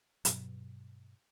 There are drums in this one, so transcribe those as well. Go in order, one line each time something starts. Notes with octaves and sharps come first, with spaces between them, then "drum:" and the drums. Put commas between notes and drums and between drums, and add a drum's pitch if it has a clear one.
G2 B2 F#3, drum: hi-hat